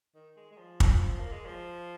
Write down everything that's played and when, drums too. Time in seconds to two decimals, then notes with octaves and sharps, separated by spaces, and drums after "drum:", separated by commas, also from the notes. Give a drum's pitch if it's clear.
0.15 D#3
0.37 G#3
0.51 G#3
0.58 F3
0.80 drum: kick
1.20 A#3
1.33 G#3
1.46 F3